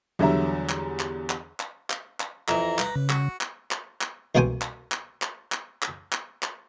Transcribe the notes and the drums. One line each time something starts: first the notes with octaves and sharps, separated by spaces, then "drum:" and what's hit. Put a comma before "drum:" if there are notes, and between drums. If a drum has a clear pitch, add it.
E2 D3 F#3 G3 E5 A#5
drum: clap
drum: clap
drum: clap
drum: clap
drum: clap
drum: clap
F2 E3 A#5, drum: clap
B4 D6, drum: clap
C#3
F#4, drum: clap
drum: clap
drum: clap
drum: clap
C2 B2 A#3 C#4 C5 G#5
drum: clap
drum: clap
drum: clap
drum: clap
drum: clap
drum: clap
drum: clap